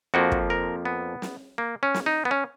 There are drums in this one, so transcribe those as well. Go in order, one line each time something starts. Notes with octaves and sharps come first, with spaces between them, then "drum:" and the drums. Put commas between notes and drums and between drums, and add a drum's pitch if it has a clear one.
F2 F3 A#3 F#4
drum: kick
A#4
B3
drum: snare
A#3
C#4
drum: snare
D#4
B3
C#4